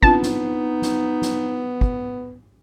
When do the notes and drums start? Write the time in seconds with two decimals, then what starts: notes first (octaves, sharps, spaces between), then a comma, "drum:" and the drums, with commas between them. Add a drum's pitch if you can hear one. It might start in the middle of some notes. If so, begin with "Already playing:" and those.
0.03 B3 C4 D4 D#4 F4 A5, drum: kick
0.22 drum: snare
0.82 drum: snare
1.22 drum: snare
1.81 drum: kick